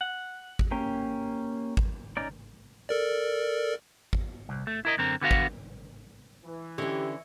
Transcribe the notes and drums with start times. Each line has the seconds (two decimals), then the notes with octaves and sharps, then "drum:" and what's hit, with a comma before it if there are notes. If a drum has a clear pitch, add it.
0.01 F#5
0.59 drum: kick G#1
0.71 A#3 C#4 G4
1.77 drum: kick G#1
2.17 C#4 D#4 D5
2.89 A4 A#4 D5
4.13 drum: kick G#1
4.49 C2
4.67 A3
4.85 E4 A#4 D#5
4.97 F#2 D3 C4 A#4
5.21 D3 B3 F#4 F5
5.31 drum: kick G#1
6.45 E3
6.78 D3 C#4 E4 G4 C#5 D#5